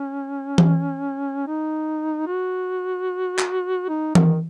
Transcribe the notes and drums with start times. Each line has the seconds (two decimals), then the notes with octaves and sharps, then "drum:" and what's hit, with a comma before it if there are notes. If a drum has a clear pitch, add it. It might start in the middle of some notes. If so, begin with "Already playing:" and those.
Already playing: C#4
0.58 drum: tom E3
1.47 D#4
2.27 F#4
3.39 drum: clap
3.89 D#4
4.15 D#3, drum: tom E3